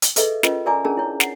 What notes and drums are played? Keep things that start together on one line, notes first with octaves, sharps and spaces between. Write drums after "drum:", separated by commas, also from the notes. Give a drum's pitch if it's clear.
drum: hi-hat
G#4 A4 B4 D#5 E5, drum: hi-hat
C#4 F4 A#4 B4 D#5, drum: snare
A#4 D5 E5 G#5 A#5 D6
C#4 D4 G#4 A#4 A5
E4 C#5
F#5, drum: snare